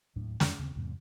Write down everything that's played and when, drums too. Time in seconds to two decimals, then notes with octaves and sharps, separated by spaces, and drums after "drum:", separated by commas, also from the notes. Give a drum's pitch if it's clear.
0.16 D#2 A2 F#3 D4
0.40 F2 G3 A3, drum: snare
0.59 D#2 C#3 G3 C4
0.75 E2 G#2 C3 F#3